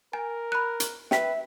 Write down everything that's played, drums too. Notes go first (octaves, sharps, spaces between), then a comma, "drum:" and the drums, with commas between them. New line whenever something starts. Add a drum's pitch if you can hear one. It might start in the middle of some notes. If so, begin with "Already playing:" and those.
A#4 G#5
B5 F#6
drum: hi-hat
B4 E5 G5 B6, drum: snare